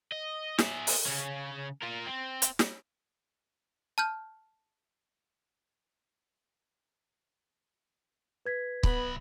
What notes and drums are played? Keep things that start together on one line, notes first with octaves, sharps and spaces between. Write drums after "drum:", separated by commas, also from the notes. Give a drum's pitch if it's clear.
D#5
G#4 E5, drum: snare
drum: open hi-hat
C#3 C#4
F4 A#4
C4
drum: hi-hat
drum: snare
A5 F6 G6
B4 G#6 B6
B1 B3 B5, drum: kick